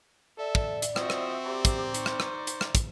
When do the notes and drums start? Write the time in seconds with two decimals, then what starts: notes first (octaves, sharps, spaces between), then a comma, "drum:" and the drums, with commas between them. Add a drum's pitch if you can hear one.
0.38 A4 D5 E5
0.55 drum: kick
0.82 drum: hi-hat
0.96 F3 C4 F#4 D#5 E5, drum: rim click
1.10 drum: rim click
1.46 G4 C5 D5 A#5
1.65 drum: kick, hi-hat
1.94 D#4 C#6, drum: hi-hat
2.06 drum: rim click
2.20 drum: rim click
2.47 drum: hi-hat
2.61 drum: rim click
2.75 drum: kick, hi-hat